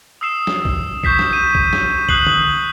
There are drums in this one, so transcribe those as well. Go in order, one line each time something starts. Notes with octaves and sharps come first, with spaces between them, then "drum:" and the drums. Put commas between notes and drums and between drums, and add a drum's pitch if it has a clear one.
D#6 E6 C7 E7
drum: snare
drum: kick B1
C#6 G6 B6 C7, drum: kick B1
drum: snare
D#7
drum: kick B1
drum: snare
D#6 F#6 C7 F#7, drum: kick B1
drum: tom D3